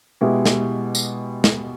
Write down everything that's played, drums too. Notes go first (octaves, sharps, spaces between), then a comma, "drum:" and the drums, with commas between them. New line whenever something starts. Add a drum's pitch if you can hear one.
B2 G#3 B3 E4 G4
drum: snare
drum: tambourine
drum: snare